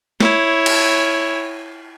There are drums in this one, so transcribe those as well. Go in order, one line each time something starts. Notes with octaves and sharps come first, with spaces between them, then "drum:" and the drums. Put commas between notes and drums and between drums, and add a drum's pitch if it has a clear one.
E4 C#5, drum: snare A3
drum: cymbal